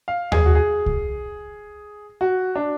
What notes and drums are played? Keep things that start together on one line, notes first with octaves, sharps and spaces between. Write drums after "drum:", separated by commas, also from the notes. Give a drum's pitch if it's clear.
F5
G#4, drum: tom D#2
F#4
G#4
drum: kick C2
F#4
D4